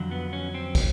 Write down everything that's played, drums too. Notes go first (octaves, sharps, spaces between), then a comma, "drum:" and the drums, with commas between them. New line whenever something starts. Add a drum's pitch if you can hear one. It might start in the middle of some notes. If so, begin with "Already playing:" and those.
Already playing: F2 D3 F#3
B3
C#4
C4
drum: kick, cymbal